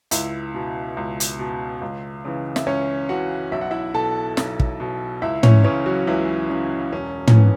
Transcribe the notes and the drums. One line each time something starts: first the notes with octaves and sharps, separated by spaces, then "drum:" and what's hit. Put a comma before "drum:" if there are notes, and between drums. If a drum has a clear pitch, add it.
C#2 E4 E5, drum: hi-hat
B2
C#2
drum: hi-hat
B2
C#2
C#3 E3
E5, drum: snare
C#2 C#4 C#5
C#3 E3 F#4 F#5
B1 E5
F#5
E4 E5
B2 A4 A5
B1, drum: snare
drum: kick
B2
C#2 E4 E5
C#4 C#5, drum: tom
C#3 E3 C#4 C#5
F#3 F#4
C#2 E3 E4
C#3 E3
E1 C#4
C#4, drum: tom
E3 B3